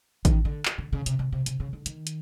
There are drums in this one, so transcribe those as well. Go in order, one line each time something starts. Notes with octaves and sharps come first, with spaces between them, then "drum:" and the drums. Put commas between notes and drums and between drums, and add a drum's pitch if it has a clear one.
D#3, drum: kick A1, hi-hat
D3
drum: clap
D3
C#3
C3, drum: hi-hat
C3
C3
C3, drum: hi-hat
C#3
D3
D#3, drum: hi-hat
drum: hi-hat